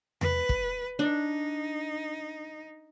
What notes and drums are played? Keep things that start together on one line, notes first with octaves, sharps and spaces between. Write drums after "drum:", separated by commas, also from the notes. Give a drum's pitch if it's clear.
B4, drum: tom E2
drum: kick
D4 D#4